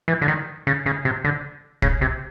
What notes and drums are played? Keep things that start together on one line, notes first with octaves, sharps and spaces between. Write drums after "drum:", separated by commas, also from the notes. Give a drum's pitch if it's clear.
E3
D3
D#3
C#3
C#3
C3
D3
C#3, drum: kick
C3